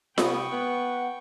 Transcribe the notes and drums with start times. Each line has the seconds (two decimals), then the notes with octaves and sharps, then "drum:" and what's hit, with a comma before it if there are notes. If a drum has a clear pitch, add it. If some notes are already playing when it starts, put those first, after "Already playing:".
0.18 C3 B3 G5 B5 C#6 D#6, drum: snare F4
0.52 B3 F#5